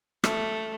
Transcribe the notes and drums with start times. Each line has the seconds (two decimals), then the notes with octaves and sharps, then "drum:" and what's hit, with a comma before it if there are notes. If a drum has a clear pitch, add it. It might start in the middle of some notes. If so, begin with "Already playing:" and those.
0.24 A3, drum: rim click